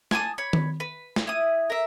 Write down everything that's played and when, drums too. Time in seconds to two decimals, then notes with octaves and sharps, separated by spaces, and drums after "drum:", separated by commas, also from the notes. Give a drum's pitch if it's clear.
0.11 G#5 A5 C#6 D#6, drum: snare
0.38 C#5 B5
0.53 drum: tom D#3
0.80 B4
1.16 drum: snare
1.27 E4 D#6
1.70 A#4 E5